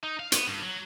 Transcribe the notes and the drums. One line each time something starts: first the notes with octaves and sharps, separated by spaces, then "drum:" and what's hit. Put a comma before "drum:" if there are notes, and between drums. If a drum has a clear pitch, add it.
D#4
F5
B3, drum: hi-hat
G2
F#3